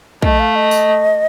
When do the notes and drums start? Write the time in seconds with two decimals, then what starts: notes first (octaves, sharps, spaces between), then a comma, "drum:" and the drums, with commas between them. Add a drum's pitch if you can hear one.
0.22 A3 D#5, drum: kick
0.39 F5
0.55 D#5
0.71 drum: tambourine